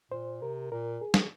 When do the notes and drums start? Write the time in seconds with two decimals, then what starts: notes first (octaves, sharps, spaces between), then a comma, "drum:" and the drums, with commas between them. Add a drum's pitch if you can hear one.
0.11 A#2 C5
0.41 C3 A#4
0.72 A#2 A#4
1.01 G#4
1.14 drum: snare